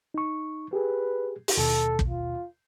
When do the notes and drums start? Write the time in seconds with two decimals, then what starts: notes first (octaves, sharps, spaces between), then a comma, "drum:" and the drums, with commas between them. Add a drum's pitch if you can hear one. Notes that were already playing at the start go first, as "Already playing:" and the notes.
0.14 D#4 C#6
0.73 G4 G#4 B4
1.48 drum: open hi-hat
1.57 D#2 B2 A4
1.99 drum: kick
2.09 F4